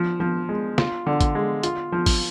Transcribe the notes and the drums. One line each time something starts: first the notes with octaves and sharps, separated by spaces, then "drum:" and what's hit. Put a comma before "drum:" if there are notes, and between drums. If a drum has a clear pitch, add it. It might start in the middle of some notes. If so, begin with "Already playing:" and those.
Already playing: F3
F3
G#3
F4, drum: snare
D3
drum: kick, hi-hat
G#3
F4, drum: hi-hat
F3
drum: kick, open hi-hat